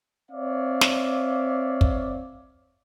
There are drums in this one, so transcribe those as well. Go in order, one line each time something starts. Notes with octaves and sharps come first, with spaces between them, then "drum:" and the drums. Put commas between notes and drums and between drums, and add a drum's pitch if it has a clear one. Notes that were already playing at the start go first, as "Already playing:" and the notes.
C4 C#5 D5 E5 F5
drum: snare
drum: kick